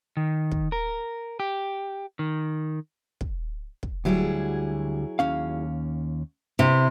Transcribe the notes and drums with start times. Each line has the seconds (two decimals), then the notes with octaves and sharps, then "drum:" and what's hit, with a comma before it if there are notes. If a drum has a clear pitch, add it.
0.17 D#3
0.52 drum: kick
0.72 A#4
1.40 G4
2.19 D#3
3.21 drum: kick
3.83 drum: kick
4.05 D2 F#3 G3 E4 G#4
5.19 D#2 C#4 F5
6.59 C3 E4